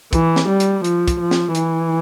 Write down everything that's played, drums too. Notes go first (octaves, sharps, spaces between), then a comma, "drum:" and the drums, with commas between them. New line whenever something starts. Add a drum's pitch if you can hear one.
E3, drum: kick, hi-hat
drum: snare
G3
drum: hi-hat
F3, drum: hi-hat
drum: kick, hi-hat
F3
drum: snare
E3, drum: hi-hat